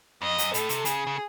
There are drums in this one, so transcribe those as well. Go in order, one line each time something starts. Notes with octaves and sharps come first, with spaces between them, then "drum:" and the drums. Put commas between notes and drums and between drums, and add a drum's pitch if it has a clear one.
F2 D#5
F#2, drum: hi-hat
A2 A4, drum: hi-hat
C3, drum: hi-hat
C#3 G#4, drum: hi-hat
C#3